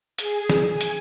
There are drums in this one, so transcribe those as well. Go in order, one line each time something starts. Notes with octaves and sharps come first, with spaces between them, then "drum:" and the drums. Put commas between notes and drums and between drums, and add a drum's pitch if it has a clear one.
G#4, drum: hi-hat
drum: snare
G#5
drum: hi-hat